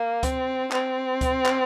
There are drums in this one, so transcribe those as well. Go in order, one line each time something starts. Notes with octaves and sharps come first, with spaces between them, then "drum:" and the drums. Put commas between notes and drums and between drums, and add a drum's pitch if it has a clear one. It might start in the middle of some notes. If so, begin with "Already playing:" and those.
Already playing: A#3
C4, drum: kick C#2, hi-hat
C4, drum: clap
drum: kick C#2, hi-hat
drum: clap